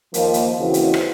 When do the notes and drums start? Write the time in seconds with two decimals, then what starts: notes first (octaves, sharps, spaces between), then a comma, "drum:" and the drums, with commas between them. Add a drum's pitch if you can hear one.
0.14 D#2 D#3 F3 A#3, drum: hi-hat
0.34 drum: hi-hat
0.59 D#2 C#3 E3 C4 F#4
0.74 drum: hi-hat
0.94 drum: rim click